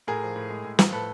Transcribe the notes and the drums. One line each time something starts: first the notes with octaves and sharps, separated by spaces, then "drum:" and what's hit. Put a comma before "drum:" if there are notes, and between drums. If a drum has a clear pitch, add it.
A2 G#4 A#4
F3
A2
G#3
A2
F3, drum: snare
A2 A4 B4